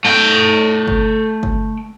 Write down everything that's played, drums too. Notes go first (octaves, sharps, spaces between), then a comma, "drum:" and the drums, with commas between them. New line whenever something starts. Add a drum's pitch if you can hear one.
A3 G5
drum: kick G1
drum: kick G1